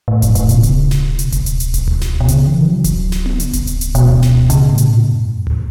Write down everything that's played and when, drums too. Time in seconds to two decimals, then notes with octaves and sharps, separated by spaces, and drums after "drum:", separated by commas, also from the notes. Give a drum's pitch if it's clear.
0.08 A2
0.22 F#2, drum: kick D1, hi-hat
0.35 A2, drum: hi-hat
0.49 B2, drum: hi-hat
0.63 C#3, drum: kick D1, hi-hat
0.91 drum: snare
1.19 B2, drum: hi-hat
1.32 drum: kick D1, hi-hat
1.46 drum: hi-hat
1.60 drum: hi-hat
1.74 drum: kick D1, hi-hat
1.88 drum: tom C#2
2.01 drum: snare
2.20 B2
2.28 C#3, drum: hi-hat
2.47 E3
2.66 F#3
2.84 drum: kick D1, hi-hat
3.12 drum: snare
3.26 drum: tom B3
3.40 C#3, drum: hi-hat
3.53 drum: kick D1, hi-hat
3.67 drum: hi-hat
3.81 drum: hi-hat
3.95 B2, drum: kick D1, hi-hat
4.09 drum: tom C#2
4.22 drum: snare
4.50 C#3, drum: hi-hat
4.68 A2
4.78 drum: hi-hat
4.88 B2
4.99 A2
5.12 F#2
5.24 A2
5.47 drum: tom C#2